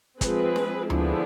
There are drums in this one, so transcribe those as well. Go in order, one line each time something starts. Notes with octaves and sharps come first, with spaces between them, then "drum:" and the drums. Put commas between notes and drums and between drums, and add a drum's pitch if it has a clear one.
F3 G#3 C4 G#4 B4, drum: kick, hi-hat
drum: snare
D3 F3 B3 D4 E4 G#4, drum: tom D2